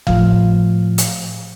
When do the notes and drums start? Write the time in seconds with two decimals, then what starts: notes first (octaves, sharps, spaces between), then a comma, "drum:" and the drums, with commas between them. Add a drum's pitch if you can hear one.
0.07 A2 F3 F5, drum: kick G1
0.98 drum: hi-hat